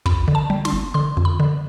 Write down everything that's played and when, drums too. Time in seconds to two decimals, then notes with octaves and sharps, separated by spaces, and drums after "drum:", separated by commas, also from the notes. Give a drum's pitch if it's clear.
0.06 F2 B5, drum: kick
0.28 D3
0.35 A5
0.50 G3
0.65 C6, drum: snare
0.73 G1
0.94 D3 C6
1.17 F2
1.25 B5
1.40 D3